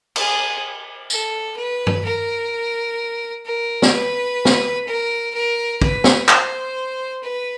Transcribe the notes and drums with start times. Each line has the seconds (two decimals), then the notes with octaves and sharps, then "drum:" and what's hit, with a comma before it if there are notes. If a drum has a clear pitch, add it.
0.16 G#4, drum: cymbal
1.10 A4, drum: tambourine
1.56 B4
1.87 drum: tom G2
2.04 A#4
3.45 A#4
3.82 drum: snare
3.93 B4
4.45 drum: snare
4.87 A#4
5.34 A#4
5.82 B4, drum: kick
6.04 drum: snare
6.28 C5, drum: clap
7.23 B4